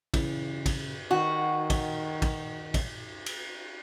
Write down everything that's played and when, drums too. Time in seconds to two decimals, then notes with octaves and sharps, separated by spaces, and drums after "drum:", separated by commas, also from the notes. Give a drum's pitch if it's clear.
0.14 C#3 E3, drum: kick, cymbal
0.66 drum: kick, cymbal
1.11 D#3 F#4
1.70 drum: kick, cymbal
2.22 drum: kick, cymbal
2.74 drum: kick, cymbal
3.26 drum: cymbal